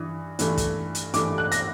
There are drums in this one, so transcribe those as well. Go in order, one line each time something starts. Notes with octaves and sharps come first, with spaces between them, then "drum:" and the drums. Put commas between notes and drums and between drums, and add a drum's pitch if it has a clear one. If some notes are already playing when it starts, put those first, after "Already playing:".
Already playing: G2 E3 D#6
G2 E3 A3, drum: hi-hat
drum: kick, hi-hat
drum: hi-hat
G2 E3 A3 D6, drum: hi-hat
F#6
A#6, drum: hi-hat